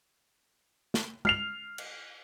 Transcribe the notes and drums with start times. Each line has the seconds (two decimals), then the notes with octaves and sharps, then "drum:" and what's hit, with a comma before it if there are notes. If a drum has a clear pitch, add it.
0.94 drum: snare
1.25 F6 C7 F7, drum: tom G#3
1.78 drum: cymbal